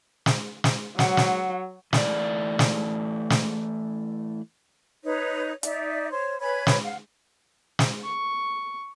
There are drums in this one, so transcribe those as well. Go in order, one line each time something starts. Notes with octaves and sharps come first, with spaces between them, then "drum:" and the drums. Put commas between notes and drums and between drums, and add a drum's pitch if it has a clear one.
drum: snare
drum: snare
F#3 F#5, drum: snare
drum: snare
E3 A3 D5, drum: snare
drum: snare
drum: snare
D#4 B4 C#5
D#4 D5 E5, drum: hi-hat
C5 C#5
B4 C#5 G#5 B5
drum: snare
F5 F#5
drum: snare
C#6